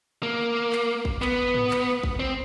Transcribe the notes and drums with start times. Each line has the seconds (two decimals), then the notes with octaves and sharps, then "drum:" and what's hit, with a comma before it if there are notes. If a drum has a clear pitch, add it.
0.23 A#3
0.72 drum: clap
1.05 drum: kick
1.22 B3, drum: clap
1.54 drum: tom G#2
1.71 drum: clap
2.03 drum: kick
2.20 C4